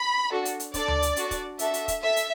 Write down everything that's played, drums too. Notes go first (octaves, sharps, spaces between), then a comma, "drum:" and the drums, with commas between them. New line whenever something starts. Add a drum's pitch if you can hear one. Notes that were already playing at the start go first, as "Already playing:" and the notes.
Already playing: B5
D4 F#4 A4
drum: hi-hat
drum: hi-hat
D4 A4 D5, drum: kick, hi-hat
drum: tom D2
drum: hi-hat
D4 F#4 A4, drum: hi-hat
drum: kick, hi-hat
D4 F#4 A4 E5, drum: hi-hat
drum: hi-hat
drum: kick, hi-hat
A4 E5
drum: hi-hat